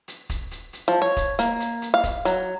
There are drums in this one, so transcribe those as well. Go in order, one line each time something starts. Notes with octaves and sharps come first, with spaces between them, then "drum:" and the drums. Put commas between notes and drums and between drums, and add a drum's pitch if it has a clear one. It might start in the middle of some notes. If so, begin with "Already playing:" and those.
drum: hi-hat
drum: kick, hi-hat
drum: hi-hat
drum: hi-hat
F3
C#5
drum: kick, hi-hat
A#3, drum: hi-hat
drum: hi-hat
drum: hi-hat
F5
drum: kick, hi-hat
F#3, drum: hi-hat